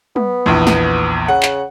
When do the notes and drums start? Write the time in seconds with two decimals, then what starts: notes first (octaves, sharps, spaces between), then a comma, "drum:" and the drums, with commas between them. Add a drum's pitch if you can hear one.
0.16 B3, drum: tom
0.46 A#1 E2
0.67 drum: snare
1.28 C#3 F#5
1.43 drum: clap